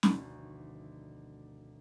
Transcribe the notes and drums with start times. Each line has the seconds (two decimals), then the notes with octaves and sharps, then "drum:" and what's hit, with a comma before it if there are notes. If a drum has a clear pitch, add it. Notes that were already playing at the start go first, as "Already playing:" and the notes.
0.03 F1 D2 B2 D3 D#3, drum: snare